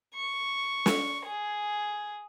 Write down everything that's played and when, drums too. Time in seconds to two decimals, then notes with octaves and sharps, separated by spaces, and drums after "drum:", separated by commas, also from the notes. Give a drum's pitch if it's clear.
0.15 C#6
0.86 drum: snare
1.26 G#4